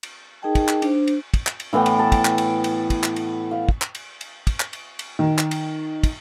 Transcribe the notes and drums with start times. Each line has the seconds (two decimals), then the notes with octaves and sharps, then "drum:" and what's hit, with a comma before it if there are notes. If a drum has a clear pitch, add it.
0.03 drum: cymbal
0.42 D#4 G#4 A#4 D#5 G5 A5
0.55 drum: kick, cymbal
0.68 drum: clap
0.82 D4 C5, drum: cymbal
1.07 drum: cymbal
1.34 drum: kick, cymbal
1.47 drum: clap
1.60 drum: cymbal
1.73 A2 E3 B3 G5
1.86 drum: cymbal
1.99 A5
2.12 drum: kick, cymbal
2.25 drum: clap
2.38 drum: cymbal
2.64 drum: cymbal
2.90 drum: kick, cymbal
3.03 drum: clap
3.16 drum: cymbal
3.51 F5
3.69 drum: kick
3.82 drum: clap
3.95 drum: cymbal
4.21 drum: cymbal
4.47 drum: kick, cymbal
4.60 drum: clap
4.73 drum: cymbal
4.99 drum: cymbal
5.19 D#3
5.38 drum: clap
5.51 drum: cymbal
6.03 drum: kick, cymbal